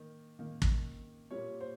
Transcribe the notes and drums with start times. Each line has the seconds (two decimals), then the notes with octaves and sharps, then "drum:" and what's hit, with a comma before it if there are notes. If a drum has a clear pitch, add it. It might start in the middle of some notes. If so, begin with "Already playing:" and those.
Already playing: D#3 A#3
0.39 D#3 A#3
0.62 drum: kick
1.31 A#2 G3 A#3 C#5
1.61 C5